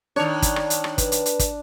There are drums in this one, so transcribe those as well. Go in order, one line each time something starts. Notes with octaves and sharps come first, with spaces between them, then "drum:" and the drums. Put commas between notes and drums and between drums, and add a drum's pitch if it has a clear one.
D#3 D4 C#5
drum: kick, hi-hat
drum: rim click
drum: hi-hat
drum: rim click
B4, drum: kick, hi-hat
drum: hi-hat
drum: hi-hat
drum: kick, hi-hat